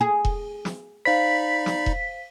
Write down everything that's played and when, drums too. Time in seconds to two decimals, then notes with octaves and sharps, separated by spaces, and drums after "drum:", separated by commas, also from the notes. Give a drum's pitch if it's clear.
0.01 G#4
0.25 drum: kick E1
0.65 drum: snare
1.05 D#4 C5 D5 F5 B5 B6
1.66 drum: snare
1.86 drum: kick E1